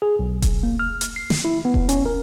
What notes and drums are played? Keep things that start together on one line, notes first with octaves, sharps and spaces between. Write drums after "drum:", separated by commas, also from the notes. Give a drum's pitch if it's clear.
G#4
B1
drum: kick E1, hi-hat
A#3
F6
drum: hi-hat
C7
drum: snare
E4
B3
drum: kick E1
C#4, drum: hi-hat
A#4